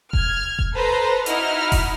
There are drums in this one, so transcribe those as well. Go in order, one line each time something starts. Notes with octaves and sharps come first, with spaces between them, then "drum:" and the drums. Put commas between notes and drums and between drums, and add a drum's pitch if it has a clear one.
F6 G#6, drum: kick F1
drum: kick F1
A4 B4 C5 A#5
D#4 E4 F#4 D#5 F6, drum: hi-hat
drum: kick F1, open hi-hat